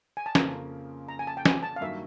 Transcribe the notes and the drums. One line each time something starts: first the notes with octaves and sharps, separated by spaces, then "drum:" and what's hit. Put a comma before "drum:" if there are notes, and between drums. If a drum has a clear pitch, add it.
G#5
A5
F2 C#3 F3 A#3 A#5, drum: snare
A#5
G#5
A5
G5
G#5, drum: snare
A5
F5
G2 D#3 F#3 A#3 E5